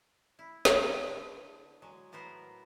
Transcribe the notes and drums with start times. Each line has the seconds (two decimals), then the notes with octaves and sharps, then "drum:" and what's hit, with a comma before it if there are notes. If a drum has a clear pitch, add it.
0.39 E4
0.65 drum: snare
1.07 D3
1.82 F#3 G#3
2.12 A2 B3 A#4 C5 F#5